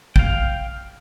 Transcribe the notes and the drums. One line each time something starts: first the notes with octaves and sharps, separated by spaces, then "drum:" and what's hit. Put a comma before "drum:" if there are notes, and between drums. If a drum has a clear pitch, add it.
F5 G5, drum: kick